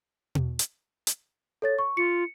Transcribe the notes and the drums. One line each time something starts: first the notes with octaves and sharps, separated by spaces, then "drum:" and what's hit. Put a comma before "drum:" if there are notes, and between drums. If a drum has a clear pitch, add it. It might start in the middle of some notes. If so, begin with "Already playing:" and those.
drum: tom B2
drum: hi-hat
drum: hi-hat
A4 C#5 A6
C#6
F4 C#7